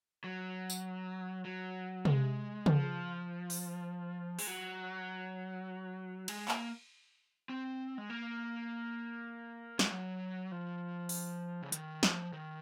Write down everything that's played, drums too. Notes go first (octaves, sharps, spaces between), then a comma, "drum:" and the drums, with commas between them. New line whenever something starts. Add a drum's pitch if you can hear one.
F#3
drum: tambourine
F#3
G#3, drum: tom C3
F3, drum: tom C#3
drum: open hi-hat
G#3, drum: open hi-hat
F#3
G#3, drum: cymbal
A#3, drum: clap
C4
G#3
A#3
G#3, drum: snare
F#3
F3
drum: open hi-hat
C#3
D#3, drum: hi-hat
F3, drum: snare
D#3